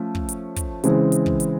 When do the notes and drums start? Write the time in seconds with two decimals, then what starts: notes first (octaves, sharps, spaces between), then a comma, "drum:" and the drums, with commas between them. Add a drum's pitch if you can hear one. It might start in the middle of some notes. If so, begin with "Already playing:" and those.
Already playing: F3 A3 C#4
0.15 drum: kick
0.29 drum: hi-hat
0.56 drum: kick, hi-hat
0.84 C#3 E3 G#3 C4, drum: hi-hat
1.12 drum: hi-hat
1.26 drum: kick
1.40 drum: hi-hat